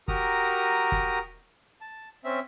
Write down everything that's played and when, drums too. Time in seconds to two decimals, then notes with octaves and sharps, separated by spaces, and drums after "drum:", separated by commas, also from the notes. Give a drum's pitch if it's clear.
0.08 F#4 G4 A#4 A#5 D#6, drum: kick
0.92 drum: kick
1.81 A5
2.24 C4 C#4 E5